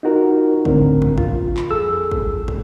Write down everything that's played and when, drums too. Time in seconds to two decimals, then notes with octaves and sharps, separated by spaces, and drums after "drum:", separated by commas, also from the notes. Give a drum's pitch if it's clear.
0.03 D#4 F4 F#4 A#4
0.65 A2 D3 C4 A#4, drum: kick
1.02 drum: kick
1.18 F4, drum: kick
1.57 drum: clap
1.70 F2 G#4 A4 E6
2.11 drum: kick
2.48 drum: kick